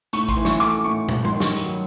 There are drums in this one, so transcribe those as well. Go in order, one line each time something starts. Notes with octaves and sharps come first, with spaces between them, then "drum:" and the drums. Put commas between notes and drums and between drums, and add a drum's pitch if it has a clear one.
A2 C#6, drum: hi-hat
C6, drum: kick A1, hi-hat
E3
C#6, drum: snare
A3 D6, drum: hi-hat
A2 C#6
G2, drum: tom
C6, drum: tom G3
D#3
C#6, drum: snare
F#3, drum: hi-hat